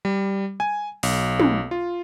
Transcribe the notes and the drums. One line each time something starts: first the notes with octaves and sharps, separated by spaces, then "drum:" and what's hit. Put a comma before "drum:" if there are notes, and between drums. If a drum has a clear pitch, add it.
G3
G#5
B1, drum: open hi-hat
drum: tom
F4